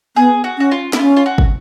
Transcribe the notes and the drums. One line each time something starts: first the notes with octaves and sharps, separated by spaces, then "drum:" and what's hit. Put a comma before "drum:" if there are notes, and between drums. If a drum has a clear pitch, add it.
B3 G#4
F#4
C#4 F#4
F4
E4, drum: snare
C#4 F4
F4
F#4
drum: kick